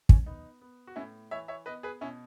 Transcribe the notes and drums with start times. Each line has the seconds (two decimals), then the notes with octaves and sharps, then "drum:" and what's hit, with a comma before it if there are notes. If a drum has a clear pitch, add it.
0.09 C#4, drum: kick
0.26 B3 D#4
0.61 B3
0.87 F#4
0.96 A2 C#4 E4
1.31 E3 C#5 E5
1.48 C#5 E5
1.66 B3 B4 D#5
1.83 G#4 B4
2.01 B2 C#4 E4